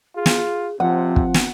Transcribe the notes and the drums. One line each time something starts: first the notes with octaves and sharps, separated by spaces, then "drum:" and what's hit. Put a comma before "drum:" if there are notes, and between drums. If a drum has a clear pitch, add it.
F4 G#4
drum: snare
C3 F3 C4 F#5
drum: kick
drum: snare